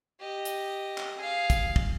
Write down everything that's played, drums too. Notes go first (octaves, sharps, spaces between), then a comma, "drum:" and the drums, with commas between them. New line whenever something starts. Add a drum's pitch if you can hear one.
G4 D#5
drum: hi-hat
drum: clap
G#4 F5
drum: kick, hi-hat
drum: kick